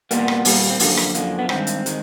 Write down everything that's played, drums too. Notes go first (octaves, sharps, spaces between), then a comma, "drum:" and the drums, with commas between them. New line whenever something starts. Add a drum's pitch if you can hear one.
A#2 G3 A#3 B3, drum: hi-hat
drum: rim click
A#2 G3 A#3, drum: open hi-hat
C4
F#2 D3 F3 A#3 B3, drum: open hi-hat
drum: rim click
F#2 D3 F3 A#3, drum: hi-hat
B3
G2 D#3 G#3 C4, drum: rim click
drum: hi-hat
D#3 G#3, drum: hi-hat